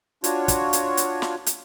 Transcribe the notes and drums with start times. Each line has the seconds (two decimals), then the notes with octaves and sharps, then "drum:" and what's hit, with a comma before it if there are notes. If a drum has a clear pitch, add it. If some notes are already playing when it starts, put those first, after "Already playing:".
0.24 D4 F4 F#4 C#5, drum: hi-hat
0.48 drum: kick, hi-hat
0.73 drum: hi-hat
0.97 drum: hi-hat
1.22 drum: snare
1.46 drum: hi-hat